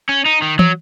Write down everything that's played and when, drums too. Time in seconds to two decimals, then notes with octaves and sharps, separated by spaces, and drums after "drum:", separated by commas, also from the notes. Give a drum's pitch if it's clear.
0.09 C#4
0.26 D#4
0.42 D#3
0.59 F#3, drum: tom